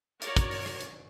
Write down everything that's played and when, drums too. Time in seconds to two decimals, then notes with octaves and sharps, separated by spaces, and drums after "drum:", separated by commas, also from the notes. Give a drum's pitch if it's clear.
0.22 F#4 A#4 C#5 D5, drum: hi-hat
0.37 drum: kick, hi-hat
0.51 drum: open hi-hat
0.66 drum: rim click
0.81 drum: hi-hat